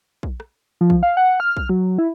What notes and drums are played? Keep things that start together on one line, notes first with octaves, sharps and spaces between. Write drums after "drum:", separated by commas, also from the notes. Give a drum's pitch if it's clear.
drum: kick A#1
drum: rim click
F3
drum: kick A#1
F5
F#5
F6
drum: kick A#1
F#3
E4